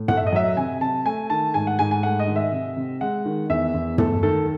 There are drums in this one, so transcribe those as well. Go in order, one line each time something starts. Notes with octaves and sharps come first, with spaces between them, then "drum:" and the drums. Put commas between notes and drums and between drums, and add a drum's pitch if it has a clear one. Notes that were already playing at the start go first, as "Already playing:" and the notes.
Already playing: A2
A3 F#5, drum: tom
E5
D#5
F#3 E5
C3 G#5
C3 A5
A3 G#5
D#3 A5
G#2 G#5
F#5
G#2 G#5
G#5
A3 F#5
D#5
D#3
E5
C3
C3
G#3 F#5
D#3
E2 E5
E2
A3 A4, drum: tom
D#3 A4